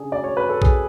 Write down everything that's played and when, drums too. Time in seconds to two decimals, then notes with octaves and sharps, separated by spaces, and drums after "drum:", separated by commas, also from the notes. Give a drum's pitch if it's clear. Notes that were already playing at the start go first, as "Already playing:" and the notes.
Already playing: C#3 D4 G#4
0.12 D5
0.24 C#5
0.37 B4
0.49 A4
0.62 G#4, drum: kick A#1